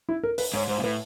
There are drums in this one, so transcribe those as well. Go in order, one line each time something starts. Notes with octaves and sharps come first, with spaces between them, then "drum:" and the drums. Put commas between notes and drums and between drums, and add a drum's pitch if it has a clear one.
E4
A#4
B4, drum: open hi-hat
G#2 C#5
G#2 C5
A#2
A2 B4